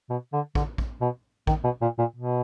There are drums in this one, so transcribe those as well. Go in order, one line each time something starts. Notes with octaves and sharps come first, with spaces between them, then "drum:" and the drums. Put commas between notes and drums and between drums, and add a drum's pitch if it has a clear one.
B2
D3
D3, drum: kick
drum: kick
B2
D#3, drum: kick
B2
A#2
A#2
B2